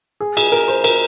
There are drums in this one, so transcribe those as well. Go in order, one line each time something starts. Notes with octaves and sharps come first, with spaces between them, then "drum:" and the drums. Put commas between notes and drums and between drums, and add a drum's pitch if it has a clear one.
G#4
G#4, drum: cymbal
A#4
C5
A#4, drum: cymbal